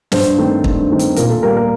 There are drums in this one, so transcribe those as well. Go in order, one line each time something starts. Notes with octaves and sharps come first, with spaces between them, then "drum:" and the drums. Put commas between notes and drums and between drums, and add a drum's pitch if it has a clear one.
G2 C5, drum: snare
D#3 A3 C4
G2, drum: kick
D#3 A3 C4
drum: hi-hat
A#2 A#4, drum: hi-hat
A4
G3 A#3 A#4
A#4